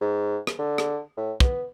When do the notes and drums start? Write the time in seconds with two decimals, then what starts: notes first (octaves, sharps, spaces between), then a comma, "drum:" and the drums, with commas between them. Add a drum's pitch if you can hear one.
0.01 G#2
0.47 drum: rim click
0.59 D3
0.78 drum: rim click
1.17 A2
1.40 B3, drum: kick